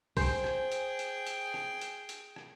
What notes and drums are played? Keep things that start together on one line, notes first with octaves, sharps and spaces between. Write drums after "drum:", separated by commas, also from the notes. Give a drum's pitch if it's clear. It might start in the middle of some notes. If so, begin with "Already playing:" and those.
G#4 C5 G5 G#5, drum: kick B1, open hi-hat
drum: rim click
drum: hi-hat
drum: hi-hat
drum: hi-hat
drum: rim click
drum: hi-hat
drum: hi-hat
drum: rim click